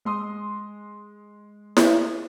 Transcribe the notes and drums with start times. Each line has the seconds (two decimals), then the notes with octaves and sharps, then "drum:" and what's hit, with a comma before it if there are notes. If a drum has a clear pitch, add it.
0.05 G#3 C6 D#6
1.77 drum: snare E4